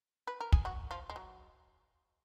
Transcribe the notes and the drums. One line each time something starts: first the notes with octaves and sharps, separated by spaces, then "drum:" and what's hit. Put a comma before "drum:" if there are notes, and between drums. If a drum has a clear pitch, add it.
B4
A#4
G#4, drum: kick
F#3 F#4
F3 F4
G#3
F#3